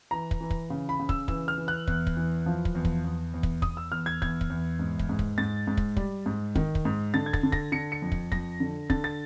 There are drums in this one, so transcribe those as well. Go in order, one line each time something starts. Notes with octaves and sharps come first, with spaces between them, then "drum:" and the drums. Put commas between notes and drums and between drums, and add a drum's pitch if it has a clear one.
E3 A#5
drum: kick
E3
drum: kick
C#3
B5
C#3
E6, drum: kick
E3 E6, drum: kick
F6
E3
F#6
E2, drum: kick
drum: kick
E3
F3
drum: kick
E2
drum: kick
E2
E2
drum: kick
E2 D#6, drum: kick
E6
E2 F6
G#6
E2 G#6, drum: kick
drum: kick
E2
G#2
drum: kick
G#2
drum: kick
G#2 A6
G#2
drum: kick
G3, drum: kick
G#2
D#3, drum: kick
drum: kick
G#2
D3 A6
G#6
A6, drum: kick
D3
A#6, drum: kick
D3 C#7
C#7
F2
drum: kick
F2 A#6, drum: kick
D3
D3 A6, drum: kick
A6